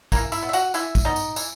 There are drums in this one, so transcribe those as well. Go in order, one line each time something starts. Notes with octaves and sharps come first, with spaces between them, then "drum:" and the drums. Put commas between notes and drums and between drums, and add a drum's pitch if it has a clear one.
E3 A#3 A#4, drum: kick, tambourine
E4 E5, drum: tambourine
B3
E5
F#4 F#5, drum: tambourine
E3 E4 E5, drum: tambourine
drum: kick, tambourine
B3 D#4 D#5
drum: tambourine
E3, drum: tambourine